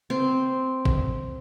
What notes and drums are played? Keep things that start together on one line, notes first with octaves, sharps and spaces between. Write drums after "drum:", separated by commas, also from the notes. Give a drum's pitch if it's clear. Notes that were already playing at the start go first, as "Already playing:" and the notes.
C4
drum: kick G#1